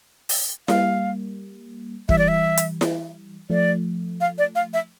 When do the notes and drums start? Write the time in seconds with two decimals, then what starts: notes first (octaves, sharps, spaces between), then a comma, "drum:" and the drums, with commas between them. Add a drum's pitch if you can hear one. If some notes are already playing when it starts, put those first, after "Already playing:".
0.29 drum: open hi-hat
0.68 G3 A#3 F5, drum: snare E4
2.09 E3 G3 E5, drum: kick
2.18 D5
2.28 E5
2.57 drum: hi-hat
2.81 drum: snare E4
3.50 F3 A3 D5
4.21 F5
4.38 D5
4.55 F5
4.73 E5